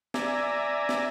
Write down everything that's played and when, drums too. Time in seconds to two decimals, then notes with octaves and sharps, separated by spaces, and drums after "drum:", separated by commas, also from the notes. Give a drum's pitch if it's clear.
0.14 D5 E5 G#5 A#5, drum: snare
0.89 drum: snare